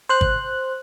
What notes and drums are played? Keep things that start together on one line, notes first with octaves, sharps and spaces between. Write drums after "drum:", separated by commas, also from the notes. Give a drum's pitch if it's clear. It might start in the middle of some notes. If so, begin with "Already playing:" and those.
C5 F#6
drum: kick